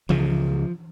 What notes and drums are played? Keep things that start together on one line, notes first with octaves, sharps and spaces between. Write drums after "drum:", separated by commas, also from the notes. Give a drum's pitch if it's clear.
C#2 C#3 F3, drum: tom E3